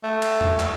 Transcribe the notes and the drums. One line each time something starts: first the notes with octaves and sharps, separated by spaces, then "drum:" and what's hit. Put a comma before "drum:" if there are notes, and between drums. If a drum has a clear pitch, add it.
A3
drum: cymbal
drum: tom E2
drum: clap